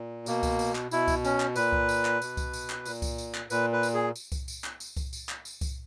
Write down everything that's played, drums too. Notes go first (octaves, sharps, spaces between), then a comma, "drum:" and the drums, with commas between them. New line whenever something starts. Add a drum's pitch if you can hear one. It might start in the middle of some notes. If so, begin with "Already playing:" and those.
Already playing: A#2
B2 A#3, drum: tambourine
drum: kick C2, tambourine
drum: tambourine
drum: clap
B2 E4, drum: tambourine
drum: kick C2, tambourine
C#4, drum: tambourine
drum: clap
A#2 B4, drum: tambourine
drum: kick C2
drum: tambourine
drum: clap
B2, drum: tambourine
drum: kick C2, tambourine
drum: tambourine
drum: clap
A#2, drum: tambourine
drum: kick C2, tambourine
drum: tambourine
drum: clap
A#2 B4, drum: tambourine
B4
drum: tambourine
G#4
drum: tambourine
drum: kick C2, tambourine
drum: tambourine
drum: clap
drum: tambourine
drum: kick C2, tambourine
drum: tambourine
drum: clap
drum: tambourine
drum: kick C2, tambourine